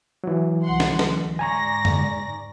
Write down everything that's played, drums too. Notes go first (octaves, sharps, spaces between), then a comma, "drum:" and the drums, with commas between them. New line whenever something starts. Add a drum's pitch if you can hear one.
E3 F#3
C2 F#5 C6
drum: snare
D2, drum: snare
G#2 D5 G#5 A#5 C#6 A#6
drum: tom F2